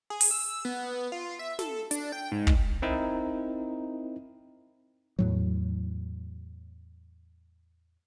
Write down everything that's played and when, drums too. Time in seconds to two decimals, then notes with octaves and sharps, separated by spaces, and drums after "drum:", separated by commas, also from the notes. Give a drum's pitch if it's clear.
0.10 G#4
0.21 drum: open hi-hat
0.31 E6
0.65 B3
1.12 F4
1.39 E5
1.59 A4, drum: snare
1.91 D4, drum: hi-hat
2.12 G5
2.32 G#2
2.47 drum: kick
2.82 C4 D#4 E4 A#4
5.19 E2 A2 F#3